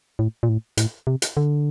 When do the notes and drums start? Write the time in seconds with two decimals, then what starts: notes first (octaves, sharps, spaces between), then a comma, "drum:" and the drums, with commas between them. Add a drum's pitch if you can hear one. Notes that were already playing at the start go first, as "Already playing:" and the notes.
0.19 A2
0.43 A#2
0.49 A2
0.77 A2, drum: hi-hat
1.07 C3
1.22 drum: hi-hat
1.37 D3